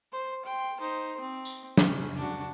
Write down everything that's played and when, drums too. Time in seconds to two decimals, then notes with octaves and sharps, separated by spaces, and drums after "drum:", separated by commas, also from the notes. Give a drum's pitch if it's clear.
0.12 C5
0.45 G5 C6
0.80 D#4 C5
1.20 C4
1.45 drum: tambourine
1.77 C#4, drum: snare
2.16 D4 F#4